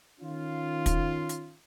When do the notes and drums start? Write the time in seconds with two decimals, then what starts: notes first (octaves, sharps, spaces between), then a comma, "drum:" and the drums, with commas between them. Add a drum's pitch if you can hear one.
0.21 D#3 C#4 F4
0.86 drum: kick, hi-hat
1.29 drum: hi-hat